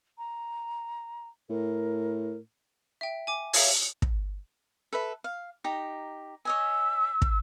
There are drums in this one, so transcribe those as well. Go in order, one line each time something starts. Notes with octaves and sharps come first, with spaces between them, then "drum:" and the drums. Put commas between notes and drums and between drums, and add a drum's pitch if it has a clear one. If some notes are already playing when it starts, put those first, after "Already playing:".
A#5
A2 A#4
E5 G5
G#5 D6
C#5 E5 F5 G#6, drum: open hi-hat
drum: kick
A4 B4 E5
F5
D#4 G4 A#5
C#5 D#5 G#5 E6
drum: kick